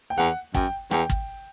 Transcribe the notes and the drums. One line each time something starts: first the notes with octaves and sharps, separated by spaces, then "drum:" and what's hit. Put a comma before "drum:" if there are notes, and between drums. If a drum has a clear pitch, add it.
G5
E2 F#5
F#2 G5, drum: kick
E2 G5, drum: rim click
drum: kick